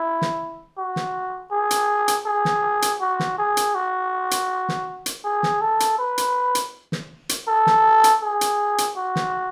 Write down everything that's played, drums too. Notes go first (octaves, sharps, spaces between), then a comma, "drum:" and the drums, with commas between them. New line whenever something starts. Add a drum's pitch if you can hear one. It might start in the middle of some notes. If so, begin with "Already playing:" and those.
Already playing: E4
drum: snare
F#4
drum: snare
G#4
drum: hi-hat
drum: hi-hat
G#4
drum: snare
drum: hi-hat
F#4
drum: snare
G#4
drum: hi-hat
F#4
drum: hi-hat
drum: snare
drum: hi-hat
G#4
drum: snare
A4
drum: hi-hat
B4
drum: hi-hat
drum: hi-hat
drum: snare
drum: hi-hat
A4
drum: snare
drum: hi-hat
G#4
drum: hi-hat
drum: hi-hat
F#4
drum: snare